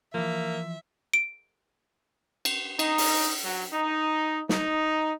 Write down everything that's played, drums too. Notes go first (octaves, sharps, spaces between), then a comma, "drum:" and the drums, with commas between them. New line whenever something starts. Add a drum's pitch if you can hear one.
E3 F3 A#3 E5
D7
drum: cymbal
D#4, drum: cymbal
drum: open hi-hat
F#3
D#4
D#4, drum: snare